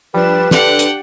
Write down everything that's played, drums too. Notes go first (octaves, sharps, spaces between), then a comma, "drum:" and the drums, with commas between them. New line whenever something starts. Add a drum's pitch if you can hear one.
F3 G3 D4 B4 E7
D3 D4 G4 F#5, drum: snare
drum: hi-hat